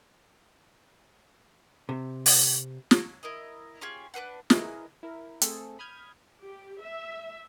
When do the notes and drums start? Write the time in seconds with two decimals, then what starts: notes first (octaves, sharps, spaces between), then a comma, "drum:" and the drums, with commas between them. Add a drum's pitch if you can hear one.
1.89 C3
2.26 drum: open hi-hat
2.91 drum: snare
3.23 E4 A#4 D#5
3.81 C#4 F4 G4 G#4
4.14 D4 B4 C5 F#5
4.50 E4 G#4 A#4 B4 D#5, drum: snare
5.03 E4 A#4
5.41 A3 C4 G#4 A4, drum: hi-hat
5.79 B5 D#6 F6 G6 G#6
6.41 G4
6.83 E5